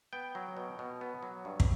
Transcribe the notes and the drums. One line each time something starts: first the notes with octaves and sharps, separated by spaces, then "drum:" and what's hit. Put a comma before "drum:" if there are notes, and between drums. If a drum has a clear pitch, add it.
B3 G5
F#3
B2
B2
B3
F#3
G2
drum: kick